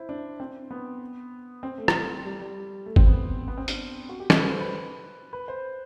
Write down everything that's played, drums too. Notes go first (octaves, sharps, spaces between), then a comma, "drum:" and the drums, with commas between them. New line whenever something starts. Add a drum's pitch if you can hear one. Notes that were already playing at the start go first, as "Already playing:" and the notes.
Already playing: E4 C5
D4
C4
B3
C4
A3
drum: rim click
G3
G3
A3
C4, drum: kick G1
B3
B3
C4
D4, drum: hi-hat
F#4
G4
A4, drum: snare
B4
C5
B4
B4
C5